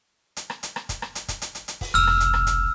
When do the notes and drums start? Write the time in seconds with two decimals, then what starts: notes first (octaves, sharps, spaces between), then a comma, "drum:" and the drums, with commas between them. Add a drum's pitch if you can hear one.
0.37 drum: hi-hat
0.50 drum: rim click
0.63 drum: hi-hat
0.76 drum: rim click
0.89 drum: kick, hi-hat
1.02 drum: rim click
1.15 drum: hi-hat
1.28 drum: kick, hi-hat
1.42 drum: hi-hat
1.55 drum: hi-hat
1.68 drum: hi-hat
1.81 drum: kick, open hi-hat
1.94 F1 B1 E6 F6
2.07 drum: rim click
2.20 drum: hi-hat
2.34 drum: rim click
2.47 drum: kick, hi-hat